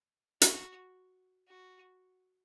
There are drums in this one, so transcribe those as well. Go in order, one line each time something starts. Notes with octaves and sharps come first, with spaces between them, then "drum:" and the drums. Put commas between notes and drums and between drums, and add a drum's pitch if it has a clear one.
F#4, drum: hi-hat
F#4